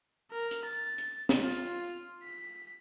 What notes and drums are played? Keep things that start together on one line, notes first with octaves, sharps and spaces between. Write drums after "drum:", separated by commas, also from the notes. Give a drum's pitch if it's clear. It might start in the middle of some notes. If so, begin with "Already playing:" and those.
A#4
drum: hi-hat
A6
drum: hi-hat
drum: snare
F4
B6